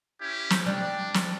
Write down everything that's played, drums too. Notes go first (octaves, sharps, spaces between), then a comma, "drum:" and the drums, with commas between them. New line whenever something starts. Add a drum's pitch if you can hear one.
C#4 E4 G4
drum: snare
G3 D4
drum: snare